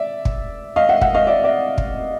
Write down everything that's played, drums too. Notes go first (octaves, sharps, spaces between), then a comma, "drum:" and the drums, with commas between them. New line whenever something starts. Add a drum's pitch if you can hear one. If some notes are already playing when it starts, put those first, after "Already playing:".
Already playing: D5 E5
drum: kick
D#5 F5
E5 F#5
E5 F#5, drum: kick
D#5 F5
D5 E5
D5 E5
drum: kick